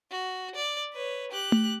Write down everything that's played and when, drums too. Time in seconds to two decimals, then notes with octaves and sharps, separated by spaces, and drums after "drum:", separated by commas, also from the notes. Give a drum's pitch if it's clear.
0.11 F#4
0.56 D5
0.93 B4 C#5
1.32 G4 F#6
1.52 drum: tom A3